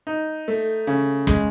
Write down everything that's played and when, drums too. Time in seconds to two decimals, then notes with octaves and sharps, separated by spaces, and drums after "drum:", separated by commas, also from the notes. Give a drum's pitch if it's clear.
0.07 D#4
0.48 A3
0.87 C#3
1.27 G#3, drum: kick